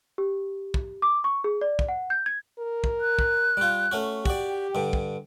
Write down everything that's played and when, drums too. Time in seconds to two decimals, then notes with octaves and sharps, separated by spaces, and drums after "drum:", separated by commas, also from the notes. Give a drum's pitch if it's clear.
0.18 G4
0.74 drum: kick
1.02 D6
1.24 C#6
1.44 G#4
1.61 D5
1.79 drum: kick
1.89 F#5
2.10 G6
2.26 G#6
2.59 A#4
2.84 drum: kick
3.01 F#6
3.19 drum: kick
3.57 G3 F4
3.92 A3 C#4 F#4
4.26 F#4 G4 D5 G5, drum: kick
4.75 G2 D3
4.93 drum: kick